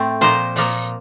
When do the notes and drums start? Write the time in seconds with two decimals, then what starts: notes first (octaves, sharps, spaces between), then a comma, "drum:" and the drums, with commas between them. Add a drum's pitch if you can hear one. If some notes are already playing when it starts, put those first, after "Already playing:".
Already playing: A2 A3 C4
0.21 A#2 F3 A#3 C5, drum: snare
0.56 A#2 F3 A#3, drum: open hi-hat